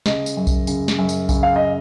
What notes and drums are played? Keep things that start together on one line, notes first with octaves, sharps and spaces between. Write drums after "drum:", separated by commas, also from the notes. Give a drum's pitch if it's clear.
C#3 D#5, drum: snare
drum: tambourine
F#2
drum: kick B1, tambourine
C#3, drum: tambourine
drum: snare
F#2
drum: tambourine
C#3, drum: kick B1, tambourine
F5
D#5